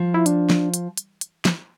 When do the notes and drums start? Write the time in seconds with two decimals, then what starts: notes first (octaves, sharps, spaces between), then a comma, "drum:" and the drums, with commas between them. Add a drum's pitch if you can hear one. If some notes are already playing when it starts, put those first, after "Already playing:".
Already playing: F3
0.14 E4
0.26 D4, drum: hi-hat
0.50 drum: snare
0.74 drum: hi-hat
0.97 drum: hi-hat
1.21 drum: hi-hat
1.45 drum: snare